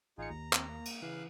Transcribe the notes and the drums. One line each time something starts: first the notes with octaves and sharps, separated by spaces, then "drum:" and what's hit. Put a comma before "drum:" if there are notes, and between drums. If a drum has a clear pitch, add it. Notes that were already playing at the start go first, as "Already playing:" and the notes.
A1 D#4 F4 G#4 C#7
D#2 A#5
C4, drum: clap
A#3
drum: cymbal
C#3 E3 F5 F#6